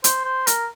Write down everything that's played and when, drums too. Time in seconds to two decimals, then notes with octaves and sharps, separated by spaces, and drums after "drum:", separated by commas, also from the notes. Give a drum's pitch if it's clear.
0.04 C5, drum: hi-hat
0.25 C5
0.47 A#4, drum: hi-hat